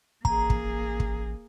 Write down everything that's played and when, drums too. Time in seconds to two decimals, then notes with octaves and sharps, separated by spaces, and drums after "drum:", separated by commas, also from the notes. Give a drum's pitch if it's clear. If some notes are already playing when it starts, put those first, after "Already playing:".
0.25 A1 A#3 G#4 A#5, drum: kick
0.50 drum: kick
1.00 drum: kick